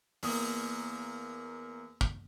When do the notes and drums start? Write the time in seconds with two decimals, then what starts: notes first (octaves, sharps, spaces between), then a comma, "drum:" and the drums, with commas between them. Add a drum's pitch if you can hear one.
0.23 E2 A#3 D#6, drum: open hi-hat
2.01 drum: kick